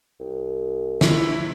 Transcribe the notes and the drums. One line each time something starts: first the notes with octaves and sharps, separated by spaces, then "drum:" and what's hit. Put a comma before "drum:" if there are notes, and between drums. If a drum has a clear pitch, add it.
C2
E4, drum: snare